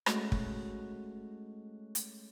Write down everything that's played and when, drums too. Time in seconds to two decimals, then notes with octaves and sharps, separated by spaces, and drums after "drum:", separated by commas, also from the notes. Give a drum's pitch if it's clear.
0.06 G#3 A3 C#4 F#4, drum: rim click
0.32 drum: kick
1.95 drum: hi-hat